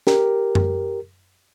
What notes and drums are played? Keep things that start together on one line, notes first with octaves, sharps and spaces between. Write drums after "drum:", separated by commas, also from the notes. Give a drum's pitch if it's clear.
G4 A#4, drum: snare
drum: tom F#2